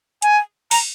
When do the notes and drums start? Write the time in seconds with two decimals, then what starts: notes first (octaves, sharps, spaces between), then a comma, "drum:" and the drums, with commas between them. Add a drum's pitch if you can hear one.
0.22 G#5, drum: hi-hat
0.71 A#5, drum: open hi-hat